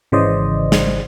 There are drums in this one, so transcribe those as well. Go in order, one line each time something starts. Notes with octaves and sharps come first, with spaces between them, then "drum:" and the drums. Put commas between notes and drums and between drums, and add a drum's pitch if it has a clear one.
G#1 C#3 E3 C5 D5 D#5
drum: snare